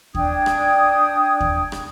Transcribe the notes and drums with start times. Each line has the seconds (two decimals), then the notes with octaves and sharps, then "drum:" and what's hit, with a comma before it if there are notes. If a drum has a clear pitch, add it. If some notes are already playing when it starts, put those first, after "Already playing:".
0.15 D4 G5 D#6 G#6, drum: kick D#2
0.46 drum: rim click
1.41 drum: kick D#2
1.72 drum: rim click